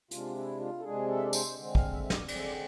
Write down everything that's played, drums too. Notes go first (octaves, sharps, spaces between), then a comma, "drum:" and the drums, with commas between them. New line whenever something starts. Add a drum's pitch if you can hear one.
C3 G#3 D4 F4, drum: hi-hat
E4
F4
A4
C3 G#3 D4 G#4
A4
E5
D5
C5, drum: tambourine
D3 G#3 C4
F5, drum: kick
E5
E5
D5, drum: snare
D3 G#3 C4 D5, drum: cymbal
E5
D5